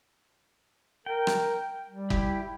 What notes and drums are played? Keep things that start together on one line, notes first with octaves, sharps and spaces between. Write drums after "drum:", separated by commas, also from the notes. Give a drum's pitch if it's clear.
A#4 G5
drum: rim click
G3
E4 G4, drum: kick F#1